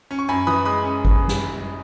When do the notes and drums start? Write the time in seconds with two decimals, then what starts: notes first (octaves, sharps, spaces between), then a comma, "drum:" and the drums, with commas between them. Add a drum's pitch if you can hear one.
0.11 C#4
0.19 C#6
0.29 F#2 G#5 B5
0.47 E3 B5 D#6
0.65 G#3 B5 D#6
0.84 C#4
1.05 drum: kick G#1
1.28 drum: snare